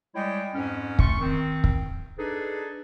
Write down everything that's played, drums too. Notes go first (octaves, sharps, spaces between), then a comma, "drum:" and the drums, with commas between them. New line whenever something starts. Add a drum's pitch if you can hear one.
G3 G#3 E4 C#5 G5
F2 G#2 C#4
A3 C6 C#6, drum: kick
D#3 C4
drum: kick
D4 D#4 G#4 A4 B4